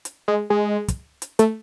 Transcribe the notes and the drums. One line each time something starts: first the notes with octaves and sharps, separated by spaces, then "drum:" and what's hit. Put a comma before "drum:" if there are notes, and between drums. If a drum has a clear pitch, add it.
drum: hi-hat
G#3
G#3
drum: kick, hi-hat
drum: hi-hat
A3, drum: hi-hat